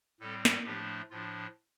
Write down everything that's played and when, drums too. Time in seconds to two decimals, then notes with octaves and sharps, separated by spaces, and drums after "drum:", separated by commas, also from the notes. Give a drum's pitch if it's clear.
0.20 A2 G3 C4 A4
0.45 drum: snare
0.65 A2 F3 A3 D4 G4
1.11 A2 F3 D4 F4